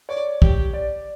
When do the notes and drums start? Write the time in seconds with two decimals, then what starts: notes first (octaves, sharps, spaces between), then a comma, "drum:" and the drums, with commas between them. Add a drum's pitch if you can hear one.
0.09 C#5 D5
0.42 G4, drum: kick
0.73 D5